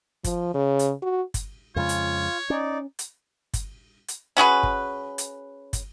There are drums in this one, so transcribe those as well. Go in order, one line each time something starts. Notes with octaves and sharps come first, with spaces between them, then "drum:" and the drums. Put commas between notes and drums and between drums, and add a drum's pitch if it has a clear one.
F3, drum: kick, hi-hat
C#3
drum: hi-hat
F#4
drum: kick, hi-hat
F2 C#3 G#3 F4 C#5
drum: hi-hat
C#4 D#4 D5
drum: hi-hat
drum: kick, hi-hat
drum: hi-hat
C#4 F#4 G#4 B4
drum: kick
drum: hi-hat
drum: kick, hi-hat